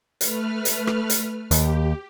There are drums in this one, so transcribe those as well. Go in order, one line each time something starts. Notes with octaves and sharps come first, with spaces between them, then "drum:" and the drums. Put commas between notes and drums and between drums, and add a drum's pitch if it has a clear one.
A3 B4 F6, drum: hi-hat
drum: hi-hat
drum: rim click
drum: hi-hat
D#2 G4, drum: hi-hat